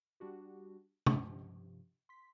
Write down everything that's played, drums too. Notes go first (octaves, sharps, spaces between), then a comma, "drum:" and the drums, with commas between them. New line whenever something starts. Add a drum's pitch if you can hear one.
G3 D4 F#4 G4
G2 C3 F3, drum: tom C3
C6 B6